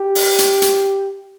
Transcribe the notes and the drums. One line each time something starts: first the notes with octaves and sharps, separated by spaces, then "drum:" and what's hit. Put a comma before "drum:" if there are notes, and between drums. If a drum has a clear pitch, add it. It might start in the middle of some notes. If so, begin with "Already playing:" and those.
Already playing: G4
drum: open hi-hat
drum: hi-hat
drum: hi-hat